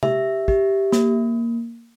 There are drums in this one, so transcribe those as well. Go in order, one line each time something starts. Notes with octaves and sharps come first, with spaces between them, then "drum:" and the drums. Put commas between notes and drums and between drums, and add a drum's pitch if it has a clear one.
G4 E5, drum: tom C3
G4, drum: kick
A#3, drum: snare